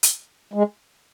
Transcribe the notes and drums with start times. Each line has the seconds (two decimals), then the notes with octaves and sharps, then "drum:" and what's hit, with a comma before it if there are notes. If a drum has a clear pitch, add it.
0.03 drum: hi-hat
0.53 G#3